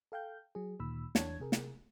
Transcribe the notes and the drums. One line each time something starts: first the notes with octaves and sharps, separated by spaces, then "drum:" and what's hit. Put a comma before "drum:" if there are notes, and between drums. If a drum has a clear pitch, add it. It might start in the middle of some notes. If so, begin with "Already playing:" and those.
A4 F5 G5 G6
F#3 G#4
D2 A#2 D#3 B5 E6
E2 E3 D4 C#5 A5 G#6, drum: snare
C3 G#4 A#4
drum: snare